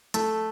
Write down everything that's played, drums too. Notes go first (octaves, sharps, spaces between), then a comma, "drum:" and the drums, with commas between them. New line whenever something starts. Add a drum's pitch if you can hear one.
A3, drum: hi-hat